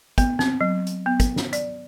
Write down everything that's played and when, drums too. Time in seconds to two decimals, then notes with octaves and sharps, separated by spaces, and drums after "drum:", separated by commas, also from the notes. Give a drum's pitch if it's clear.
0.18 B3, drum: kick, hi-hat
0.39 C4, drum: snare
0.61 F#3
0.87 drum: hi-hat
1.06 B3
1.20 drum: kick, hi-hat
1.36 drum: snare
1.53 D5, drum: hi-hat